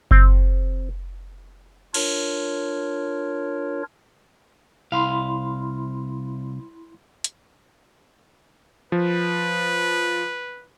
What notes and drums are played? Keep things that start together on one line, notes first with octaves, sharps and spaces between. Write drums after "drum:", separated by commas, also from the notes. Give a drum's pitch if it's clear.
C4, drum: kick F#1
D4 F4 A#4 C#5, drum: cymbal
C2 E4 F5 B5 C6
drum: hi-hat
F3 B4